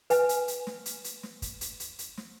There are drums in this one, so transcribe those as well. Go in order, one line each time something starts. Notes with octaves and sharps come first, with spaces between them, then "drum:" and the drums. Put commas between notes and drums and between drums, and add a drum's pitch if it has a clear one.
B4 G#5, drum: hi-hat
drum: hi-hat
drum: hi-hat
drum: snare
drum: hi-hat
drum: hi-hat
drum: snare
drum: kick, hi-hat
drum: hi-hat
drum: hi-hat
drum: hi-hat
drum: snare